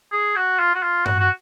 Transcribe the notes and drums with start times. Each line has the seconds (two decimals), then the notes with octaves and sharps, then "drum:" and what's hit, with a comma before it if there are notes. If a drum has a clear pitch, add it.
0.13 G#4
0.36 F#4
0.60 F4
0.75 F#4
0.83 F4
1.06 F#4, drum: tom G2
1.20 F#4